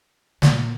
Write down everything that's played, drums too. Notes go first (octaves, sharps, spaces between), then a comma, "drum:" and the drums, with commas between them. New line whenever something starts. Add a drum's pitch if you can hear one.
A#2, drum: snare